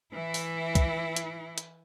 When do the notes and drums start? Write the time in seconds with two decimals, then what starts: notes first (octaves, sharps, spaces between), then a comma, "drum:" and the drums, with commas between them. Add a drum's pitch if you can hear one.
0.14 E3 E4
0.34 drum: open hi-hat
0.75 drum: kick, hi-hat
1.16 drum: hi-hat
1.58 drum: hi-hat